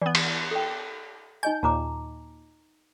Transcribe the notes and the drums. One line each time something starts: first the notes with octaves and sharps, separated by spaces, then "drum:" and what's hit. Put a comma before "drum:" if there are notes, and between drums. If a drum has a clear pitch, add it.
E3 B3 D5
drum: cymbal
A4 G5
D#4 D#5 G#5 G6
D#2 A#2 A5 A#5 D6